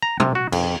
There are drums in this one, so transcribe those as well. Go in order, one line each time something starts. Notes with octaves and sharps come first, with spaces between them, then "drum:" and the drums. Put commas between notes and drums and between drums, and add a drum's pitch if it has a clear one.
A#5
C3, drum: tom
F#4
F2, drum: cymbal